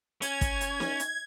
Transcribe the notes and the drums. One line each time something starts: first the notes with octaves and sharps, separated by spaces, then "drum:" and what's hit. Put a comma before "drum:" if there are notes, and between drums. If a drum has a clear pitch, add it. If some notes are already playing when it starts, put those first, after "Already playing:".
C#4 G#6, drum: hi-hat
drum: kick, hi-hat
drum: hi-hat
drum: snare
drum: hi-hat